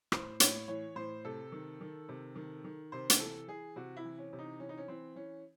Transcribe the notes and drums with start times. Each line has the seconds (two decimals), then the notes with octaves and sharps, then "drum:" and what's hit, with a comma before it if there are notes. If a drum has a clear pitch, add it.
0.12 A2 C5, drum: rim click
0.40 A2 C#5, drum: hi-hat
0.68 E3 C#5
0.96 A2 C5
1.25 C3 A4
1.52 D#3
1.81 D#3
2.09 C3
2.36 D#3
2.64 D#3
2.92 C3 C5
3.10 drum: hi-hat
3.20 E3 A4
3.48 E3 G#4
3.76 C3 F#4
3.97 E4
4.05 E3
4.18 C#4
4.33 C3
4.39 D#4
4.60 E3 C#4
4.69 D#4
4.78 C#4
4.88 E3 C4
5.16 E3 C#4